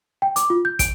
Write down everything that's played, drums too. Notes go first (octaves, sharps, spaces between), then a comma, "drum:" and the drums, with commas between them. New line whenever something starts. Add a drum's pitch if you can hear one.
G5
D6, drum: hi-hat
F4
G6
D7, drum: kick, hi-hat